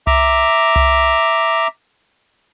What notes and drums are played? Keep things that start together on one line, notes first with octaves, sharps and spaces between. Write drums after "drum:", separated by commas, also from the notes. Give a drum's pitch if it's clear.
E5 A#5 D6, drum: tom C2
drum: tom C2